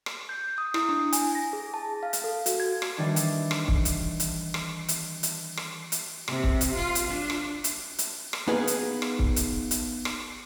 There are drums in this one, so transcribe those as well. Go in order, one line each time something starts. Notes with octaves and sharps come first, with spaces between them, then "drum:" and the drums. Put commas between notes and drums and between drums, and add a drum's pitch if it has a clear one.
drum: rim click
G6
D#6
E4, drum: rim click
D4
G#5, drum: hi-hat
A#6
G#4
A5
F5
drum: hi-hat
A4
F#4, drum: hi-hat
G#6
drum: rim click
D#3 E3 G3 D4
drum: hi-hat
drum: rim click
drum: kick C#1
drum: hi-hat
drum: hi-hat
drum: rim click
drum: hi-hat
drum: hi-hat
drum: rim click
drum: hi-hat
C3, drum: rim click
drum: kick C#1
drum: hi-hat
F4
drum: hi-hat
D4
drum: rim click
drum: hi-hat
drum: hi-hat
drum: rim click
B3 D#4 G#4 B4 F5
drum: hi-hat
drum: rim click
drum: kick C#1
drum: hi-hat
drum: hi-hat
drum: rim click